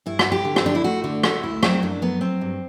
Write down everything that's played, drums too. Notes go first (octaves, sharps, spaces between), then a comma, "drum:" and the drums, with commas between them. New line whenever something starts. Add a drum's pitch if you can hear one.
G2 E4
F#4, drum: rim click
G2
G4
D3
C4, drum: rim click
D3 D4
E4
A3 F#4
D3 F#4
A3 F#4, drum: rim click
D2 E4
F#3 C4, drum: rim click
F#2 D4
F#3 B3
F#3 C4
G2